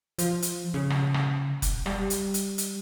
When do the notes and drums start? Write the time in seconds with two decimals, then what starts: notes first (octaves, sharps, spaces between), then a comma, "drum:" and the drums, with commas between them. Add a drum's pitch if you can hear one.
0.18 F3, drum: hi-hat
0.42 drum: hi-hat
0.74 C#3
0.90 drum: rim click
1.14 drum: rim click
1.62 drum: kick F1, hi-hat
1.86 G3, drum: rim click
2.10 drum: hi-hat
2.34 drum: hi-hat
2.58 drum: hi-hat